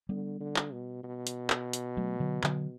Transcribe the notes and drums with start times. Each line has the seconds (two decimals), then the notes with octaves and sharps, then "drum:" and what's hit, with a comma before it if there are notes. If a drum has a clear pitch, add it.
0.09 D3 G3 B3
0.40 D3
0.56 drum: clap
0.72 B2
1.03 B2
1.27 drum: hi-hat
1.50 drum: clap
1.73 drum: hi-hat
1.97 F#3 A3
2.20 D3 F#3
2.44 D3 F#3, drum: clap